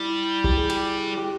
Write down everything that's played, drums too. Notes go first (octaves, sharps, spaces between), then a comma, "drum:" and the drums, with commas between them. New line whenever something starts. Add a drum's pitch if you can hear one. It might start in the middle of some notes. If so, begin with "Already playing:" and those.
Already playing: G3 E4
G4, drum: kick
G#4
G4, drum: cymbal
G4